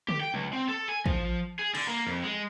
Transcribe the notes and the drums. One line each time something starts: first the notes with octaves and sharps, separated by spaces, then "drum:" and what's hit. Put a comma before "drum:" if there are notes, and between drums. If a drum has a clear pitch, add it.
G4, drum: tom D3
G5
C#2, drum: tom F3
C4
A4
G#5
F3, drum: kick
G#4
D3, drum: cymbal
A#3
F2
G#3